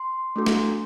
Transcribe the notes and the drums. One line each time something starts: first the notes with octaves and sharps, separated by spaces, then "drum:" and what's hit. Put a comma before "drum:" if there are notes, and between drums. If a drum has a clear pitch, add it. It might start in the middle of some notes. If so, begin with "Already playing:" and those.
Already playing: C6
A3 D4 F#4 A4
drum: snare